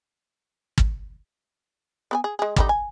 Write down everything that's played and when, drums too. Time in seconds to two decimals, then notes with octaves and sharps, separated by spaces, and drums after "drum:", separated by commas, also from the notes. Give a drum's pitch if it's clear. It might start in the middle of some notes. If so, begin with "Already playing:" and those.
0.78 drum: kick
2.11 B3 B4 G#5
2.24 G#4
2.39 G#3 G#4
2.56 D3 G3 D#4, drum: kick
2.69 G#5